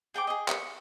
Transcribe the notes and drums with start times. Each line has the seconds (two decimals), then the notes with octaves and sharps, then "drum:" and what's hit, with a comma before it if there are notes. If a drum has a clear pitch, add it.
0.14 G#4 G5 A#5 D6
0.27 G#4 D#5
0.48 C#6, drum: clap